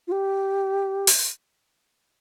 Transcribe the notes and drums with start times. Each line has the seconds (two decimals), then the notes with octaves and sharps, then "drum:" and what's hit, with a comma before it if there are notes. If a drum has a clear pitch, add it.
0.08 F4
0.12 G4
1.07 drum: open hi-hat